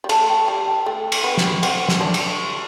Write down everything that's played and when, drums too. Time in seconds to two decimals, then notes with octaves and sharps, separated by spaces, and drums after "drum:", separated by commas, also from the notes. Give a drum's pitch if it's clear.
0.04 G3
0.09 A3 A5, drum: cymbal
0.29 G5
0.48 G3 A5
0.67 G5
0.86 A3 G5
1.12 drum: cymbal
1.24 B3
1.37 drum: snare
1.63 C4 F#5, drum: cymbal
1.88 drum: snare
2.01 D4
2.14 drum: cymbal